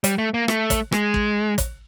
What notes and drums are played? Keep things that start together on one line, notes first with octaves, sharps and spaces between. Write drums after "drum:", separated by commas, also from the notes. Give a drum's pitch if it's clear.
G3, drum: hi-hat
A3
A#3
A3, drum: rim click
drum: kick, hi-hat
G#3, drum: rim click
drum: kick
drum: kick, hi-hat